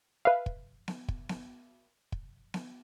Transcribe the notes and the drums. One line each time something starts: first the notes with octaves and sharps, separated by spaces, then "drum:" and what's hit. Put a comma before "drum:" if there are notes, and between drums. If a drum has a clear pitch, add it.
B4 E5 F5
drum: kick
drum: snare B3
drum: kick
drum: snare B3
drum: kick
drum: snare B3